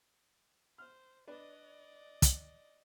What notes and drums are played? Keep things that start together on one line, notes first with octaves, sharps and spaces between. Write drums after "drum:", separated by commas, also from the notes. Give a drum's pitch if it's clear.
C5 F6
D4 B4 D5 D#5
drum: kick, hi-hat